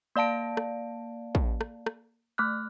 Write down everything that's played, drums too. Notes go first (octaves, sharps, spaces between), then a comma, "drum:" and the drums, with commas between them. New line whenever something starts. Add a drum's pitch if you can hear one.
A#3 D5 F5 A5 D7
drum: rim click
drum: kick
drum: rim click
drum: rim click
A3 F6 F#6